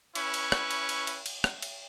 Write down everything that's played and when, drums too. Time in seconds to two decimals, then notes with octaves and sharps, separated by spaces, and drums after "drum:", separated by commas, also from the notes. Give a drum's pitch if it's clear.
0.15 C#4 E4 B4 C#6, drum: cymbal
0.34 drum: cymbal
0.52 drum: rim click
0.71 drum: cymbal
0.89 drum: cymbal
1.07 drum: cymbal
1.26 drum: cymbal
1.44 drum: rim click
1.62 drum: cymbal